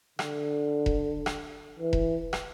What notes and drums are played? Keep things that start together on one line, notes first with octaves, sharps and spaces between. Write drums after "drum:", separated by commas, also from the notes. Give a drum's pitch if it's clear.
D3, drum: rim click
drum: kick E1
drum: rim click
E3
drum: kick E1
drum: rim click